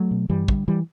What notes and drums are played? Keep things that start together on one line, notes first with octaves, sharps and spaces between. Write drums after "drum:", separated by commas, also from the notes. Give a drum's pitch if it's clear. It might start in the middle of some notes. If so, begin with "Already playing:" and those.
Already playing: F#3 A3
B2
G2 E3 G3
D3, drum: kick
E3 G3